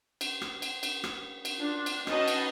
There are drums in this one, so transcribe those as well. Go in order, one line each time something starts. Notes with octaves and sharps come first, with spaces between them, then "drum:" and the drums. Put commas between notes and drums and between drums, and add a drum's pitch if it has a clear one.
drum: cymbal
drum: rim click
drum: cymbal
drum: cymbal
drum: rim click
drum: cymbal
D4 F4
drum: cymbal
C#4 D#4 F#4 B4 D#5 A5, drum: rim click
drum: cymbal